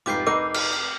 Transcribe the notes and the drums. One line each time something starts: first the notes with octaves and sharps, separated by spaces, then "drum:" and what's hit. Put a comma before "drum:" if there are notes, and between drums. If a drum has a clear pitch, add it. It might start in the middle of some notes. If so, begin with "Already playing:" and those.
F1 G#2 F4 G4 B4 D6 G6 C7
F1 D#4 G#4 A#4 B4 D6 C7
F6, drum: cymbal
F6